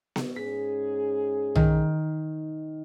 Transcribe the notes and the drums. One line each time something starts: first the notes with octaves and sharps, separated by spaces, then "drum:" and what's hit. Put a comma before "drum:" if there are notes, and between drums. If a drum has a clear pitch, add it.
drum: snare B3
G#2 C#4 G#4 B6
D#3, drum: tom